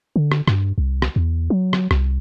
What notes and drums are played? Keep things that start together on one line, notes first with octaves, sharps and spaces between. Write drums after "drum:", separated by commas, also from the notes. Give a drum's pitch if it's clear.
D3
drum: rim click
G2, drum: rim click
C2
drum: rim click
E2
F#3
drum: rim click
C2, drum: rim click